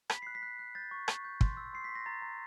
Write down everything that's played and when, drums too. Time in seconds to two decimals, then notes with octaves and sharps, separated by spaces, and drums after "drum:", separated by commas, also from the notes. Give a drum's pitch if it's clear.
0.10 B5 B6, drum: rim click
0.22 F#6 C7
0.35 B6
0.42 F#6
0.59 F#6
0.75 G6 A6
0.91 C#6
1.08 C#6, drum: rim click
1.25 G6
1.41 C6, drum: kick
1.57 E6
1.73 C6 C7
1.84 C6 B6
1.95 A#6
2.06 A#5 A6
2.22 A#5